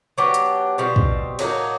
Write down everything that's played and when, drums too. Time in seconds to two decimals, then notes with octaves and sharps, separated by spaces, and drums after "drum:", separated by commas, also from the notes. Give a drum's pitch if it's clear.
0.18 F#3 B3 D4 G4
0.34 drum: hi-hat
0.78 B2 G3 C4 F4
0.96 drum: kick
1.39 A2 F#3 A#3 D#4, drum: cymbal